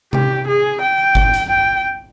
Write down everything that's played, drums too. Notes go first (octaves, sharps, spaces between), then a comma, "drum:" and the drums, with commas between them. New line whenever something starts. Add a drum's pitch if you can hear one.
G4, drum: tom C3
G#4
G5
drum: kick G1
drum: hi-hat
G5